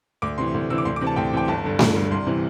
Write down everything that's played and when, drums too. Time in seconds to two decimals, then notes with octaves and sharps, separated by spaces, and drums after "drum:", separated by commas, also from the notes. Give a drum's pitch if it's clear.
0.22 D2 D6
0.38 C3 E3 C6
0.54 D2
0.70 C3 E3 E6
0.78 D6
0.85 D2 C6
0.96 D6
1.01 C3 E3
1.07 A5
1.16 D2 G5
1.33 C3 E3 G5
1.48 G1 A5
1.64 G2 D3
1.79 G1, drum: snare A3
1.96 G2 D3
2.11 C2 C6
2.27 C3 E3